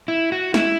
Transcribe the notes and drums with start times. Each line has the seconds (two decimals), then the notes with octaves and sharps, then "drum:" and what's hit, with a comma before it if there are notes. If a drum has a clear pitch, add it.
0.08 E4
0.32 F#4
0.54 E4, drum: snare